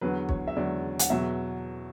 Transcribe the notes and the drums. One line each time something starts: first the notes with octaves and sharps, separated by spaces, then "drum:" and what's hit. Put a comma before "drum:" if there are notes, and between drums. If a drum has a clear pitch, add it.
E2 D3 F#3 B4
C#5, drum: kick
E5
E2 D3 F#3 D5
F#5, drum: hi-hat
E2 B2 F#3 E5